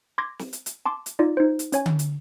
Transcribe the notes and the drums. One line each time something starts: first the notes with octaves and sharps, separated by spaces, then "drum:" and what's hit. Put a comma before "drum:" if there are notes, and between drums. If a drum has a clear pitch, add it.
C6 D6 G#6 A#6
drum: snare
drum: hi-hat
drum: hi-hat
A5 C6 D6
drum: hi-hat
D#4 F4 D5
D#4 C5
drum: hi-hat
C#4 C#5 G#5, drum: hi-hat
drum: tom D3
drum: hi-hat